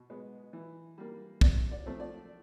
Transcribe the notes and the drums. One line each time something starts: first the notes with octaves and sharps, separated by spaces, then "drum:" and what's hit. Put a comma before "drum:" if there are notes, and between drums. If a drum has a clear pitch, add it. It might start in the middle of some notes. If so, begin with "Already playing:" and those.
Already playing: B2
G#3 B3
E3
G3 A#3
C3 D5, drum: kick
D5
F3 A3 C4
D5